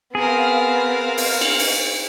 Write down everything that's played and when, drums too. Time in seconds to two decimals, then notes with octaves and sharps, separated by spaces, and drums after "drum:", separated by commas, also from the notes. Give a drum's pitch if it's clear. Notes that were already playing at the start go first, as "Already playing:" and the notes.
0.15 B3 C4 G#4 A#4 F5
1.18 drum: open hi-hat
1.41 drum: cymbal
1.59 drum: open hi-hat